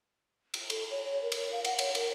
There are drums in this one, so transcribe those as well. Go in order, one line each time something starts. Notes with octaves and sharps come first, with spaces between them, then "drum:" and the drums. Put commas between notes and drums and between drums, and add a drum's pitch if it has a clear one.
drum: cymbal
A4, drum: cymbal
C#5
C#5
A#4
drum: cymbal
F5
F#5, drum: cymbal
C#5, drum: cymbal
A#4, drum: cymbal